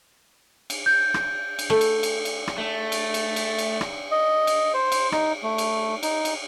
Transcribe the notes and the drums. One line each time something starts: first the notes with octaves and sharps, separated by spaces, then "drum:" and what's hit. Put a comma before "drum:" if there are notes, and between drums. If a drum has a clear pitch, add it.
drum: cymbal
G6
drum: rim click
drum: cymbal
A3
drum: cymbal
drum: cymbal
drum: cymbal
drum: rim click
A3
drum: cymbal
drum: cymbal
drum: cymbal
drum: cymbal
drum: rim click
D#5
drum: cymbal
C5
drum: cymbal
D#4, drum: rim click
A3
drum: cymbal
D#4, drum: cymbal
drum: cymbal